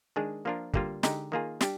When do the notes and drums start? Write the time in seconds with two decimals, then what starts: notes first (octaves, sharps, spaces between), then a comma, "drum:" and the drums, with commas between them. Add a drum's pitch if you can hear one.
0.16 D#3 G#3 D4 G#4
0.45 F3 A#3 D4 F4 A#4
0.74 D3 G3 A#3 F4, drum: kick
1.03 D3 G#3 D#4 G4, drum: snare
1.32 D#3 A#3 F4 G#4
1.61 G3 D4 G4, drum: snare